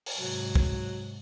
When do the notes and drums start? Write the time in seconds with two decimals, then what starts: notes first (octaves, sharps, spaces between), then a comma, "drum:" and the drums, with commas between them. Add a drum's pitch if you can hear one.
0.06 drum: open hi-hat
0.17 G#2 C3 F#3
0.55 drum: kick